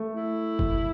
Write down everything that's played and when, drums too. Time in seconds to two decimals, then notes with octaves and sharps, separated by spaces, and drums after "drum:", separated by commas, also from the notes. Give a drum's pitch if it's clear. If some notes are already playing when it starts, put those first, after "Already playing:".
Already playing: A3
0.14 E4
0.59 drum: kick F#1